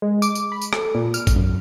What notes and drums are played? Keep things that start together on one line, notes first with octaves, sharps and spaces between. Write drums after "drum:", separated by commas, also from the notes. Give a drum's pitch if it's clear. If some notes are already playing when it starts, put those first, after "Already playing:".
G#3
D6, drum: tambourine
drum: tambourine
B5
drum: tambourine
A4, drum: rim click
A#2
F6, drum: tambourine
drum: kick A1, tambourine
F#2